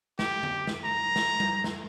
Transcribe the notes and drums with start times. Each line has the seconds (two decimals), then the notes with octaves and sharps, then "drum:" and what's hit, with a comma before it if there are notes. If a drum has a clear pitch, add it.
0.19 G4, drum: snare
0.43 drum: tom D3
0.67 drum: snare
0.84 A#5
1.16 drum: snare
1.40 drum: tom G3
1.64 drum: snare